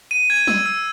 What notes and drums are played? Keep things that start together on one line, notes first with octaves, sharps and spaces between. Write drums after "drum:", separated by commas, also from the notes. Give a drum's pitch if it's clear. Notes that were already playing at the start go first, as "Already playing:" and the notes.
D#7
G#6
E6, drum: tom F#3
E6